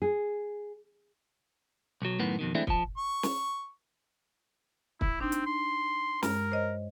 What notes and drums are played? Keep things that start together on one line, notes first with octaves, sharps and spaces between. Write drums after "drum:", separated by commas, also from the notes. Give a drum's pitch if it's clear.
G#4
B1 F#3
F#2 A2 D#3 B3
F2 B2 D#3
E3 G#3 A3 C4 D4 E4
F3 A5, drum: kick
C#6
drum: snare
E4, drum: kick
C4 D4 D#4
drum: hi-hat
C6
G2 G#3 A#4, drum: snare
C5 C#5 D#5